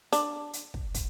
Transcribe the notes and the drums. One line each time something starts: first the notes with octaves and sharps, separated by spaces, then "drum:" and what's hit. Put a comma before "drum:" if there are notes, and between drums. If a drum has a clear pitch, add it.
D4, drum: hi-hat
drum: hi-hat
drum: kick
drum: kick, hi-hat